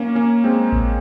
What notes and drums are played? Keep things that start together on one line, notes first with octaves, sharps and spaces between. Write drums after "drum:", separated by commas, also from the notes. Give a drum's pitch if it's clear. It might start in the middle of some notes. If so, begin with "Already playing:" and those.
Already playing: A#3 C#4
A#3 C#4
G#3 C4
drum: kick A1